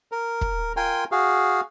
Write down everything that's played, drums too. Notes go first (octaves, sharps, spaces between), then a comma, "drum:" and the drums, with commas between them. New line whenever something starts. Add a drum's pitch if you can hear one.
A#4
drum: kick
F4 A#4 G5 G#5 C6
F#4 G#4 F5